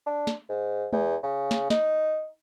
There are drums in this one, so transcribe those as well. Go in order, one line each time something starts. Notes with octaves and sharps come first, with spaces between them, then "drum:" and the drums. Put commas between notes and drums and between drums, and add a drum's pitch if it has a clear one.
D4
drum: snare
G#2
E2, drum: tom G#3
C#3
drum: snare
D#4, drum: snare